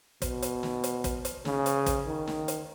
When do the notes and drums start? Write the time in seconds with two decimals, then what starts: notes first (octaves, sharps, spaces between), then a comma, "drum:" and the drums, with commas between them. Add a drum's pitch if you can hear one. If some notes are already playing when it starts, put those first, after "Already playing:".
0.22 B2, drum: kick, hi-hat
0.42 drum: hi-hat
0.63 drum: snare
0.84 drum: hi-hat
1.04 drum: kick, hi-hat
1.25 drum: hi-hat
1.45 C#3, drum: snare
1.66 drum: hi-hat
1.86 drum: kick, hi-hat
2.07 D#3
2.27 drum: snare
2.48 drum: hi-hat